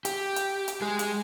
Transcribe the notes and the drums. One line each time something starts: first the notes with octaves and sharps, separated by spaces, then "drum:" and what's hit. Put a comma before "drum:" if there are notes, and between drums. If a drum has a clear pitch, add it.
G4, drum: hi-hat
drum: hi-hat
drum: hi-hat
G#3 G#4
drum: hi-hat